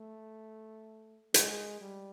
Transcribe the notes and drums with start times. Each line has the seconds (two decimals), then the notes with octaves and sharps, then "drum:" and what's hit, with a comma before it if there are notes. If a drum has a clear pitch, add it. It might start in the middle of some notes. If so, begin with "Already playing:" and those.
Already playing: A3
1.34 G#3, drum: hi-hat
1.81 G3